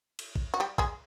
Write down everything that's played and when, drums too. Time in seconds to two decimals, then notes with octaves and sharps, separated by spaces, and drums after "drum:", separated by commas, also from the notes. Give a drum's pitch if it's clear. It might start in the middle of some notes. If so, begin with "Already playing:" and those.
0.19 drum: cymbal
0.36 drum: kick
0.54 F#4
0.60 G3 G4
0.78 G#3 G#4, drum: kick